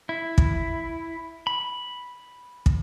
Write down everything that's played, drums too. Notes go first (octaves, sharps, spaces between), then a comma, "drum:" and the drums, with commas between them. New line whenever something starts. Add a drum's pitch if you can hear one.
E4
drum: kick
B5
drum: kick